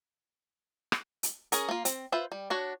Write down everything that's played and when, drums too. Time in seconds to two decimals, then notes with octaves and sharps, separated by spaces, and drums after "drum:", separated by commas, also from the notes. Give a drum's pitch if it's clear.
0.92 drum: rim click
1.23 drum: hi-hat
1.52 C#4 G#4 A#4, drum: hi-hat
1.69 A#3 F4
1.85 C4, drum: hi-hat
2.12 F4 B4 C5 E5
2.32 G3
2.50 D4 F#4 C#5